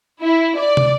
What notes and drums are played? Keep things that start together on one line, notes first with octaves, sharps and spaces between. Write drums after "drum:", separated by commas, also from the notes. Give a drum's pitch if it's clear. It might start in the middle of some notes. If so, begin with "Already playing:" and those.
E4
D5
drum: tom